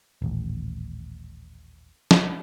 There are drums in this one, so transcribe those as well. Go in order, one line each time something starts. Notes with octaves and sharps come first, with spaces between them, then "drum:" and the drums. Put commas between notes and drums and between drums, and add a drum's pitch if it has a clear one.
D#1 A1
drum: snare